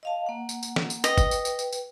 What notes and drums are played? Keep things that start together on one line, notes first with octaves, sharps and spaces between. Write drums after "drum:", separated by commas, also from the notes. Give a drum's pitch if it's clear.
D#5 F5 A5
A#3 F#5
drum: tambourine
drum: tambourine
drum: snare
drum: tambourine
B4 D#5 G5, drum: tambourine
drum: kick, tambourine
drum: tambourine
drum: tambourine
drum: tambourine
drum: tambourine